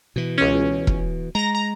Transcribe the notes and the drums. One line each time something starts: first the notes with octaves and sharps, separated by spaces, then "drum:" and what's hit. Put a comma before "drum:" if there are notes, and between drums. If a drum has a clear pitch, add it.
B2 E3
C#2 C#4
drum: kick E1
G#3 A#5 A#6
A#5